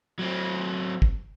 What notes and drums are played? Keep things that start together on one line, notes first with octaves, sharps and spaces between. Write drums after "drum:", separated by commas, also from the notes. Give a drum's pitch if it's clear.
F#3 C4
drum: kick